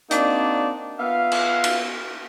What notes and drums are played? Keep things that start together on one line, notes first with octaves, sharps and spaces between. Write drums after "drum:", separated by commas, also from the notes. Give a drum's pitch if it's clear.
A#3 C4 D4 D#4 F#4 D5, drum: hi-hat
B3 F4 E5 F5
drum: cymbal
drum: cymbal